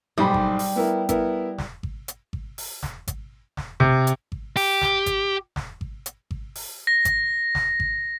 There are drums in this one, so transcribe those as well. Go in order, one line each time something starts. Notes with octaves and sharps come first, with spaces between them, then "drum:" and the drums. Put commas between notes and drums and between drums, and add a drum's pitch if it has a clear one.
B1 G#2 G3 B5
drum: kick G#1
drum: open hi-hat
B3 E4 A#4
B3 E4 A#4, drum: kick G#1, hi-hat
drum: snare
drum: kick G#1
drum: hi-hat
drum: kick G#1
drum: open hi-hat
drum: snare
drum: kick G#1, hi-hat
drum: snare
C3, drum: kick G#1
drum: hi-hat
drum: kick G#1
G4, drum: open hi-hat
drum: snare
drum: kick G#1, hi-hat
drum: snare
drum: kick G#1
drum: hi-hat
drum: kick G#1
drum: open hi-hat
A#6
drum: kick G#1, hi-hat
drum: snare
drum: kick G#1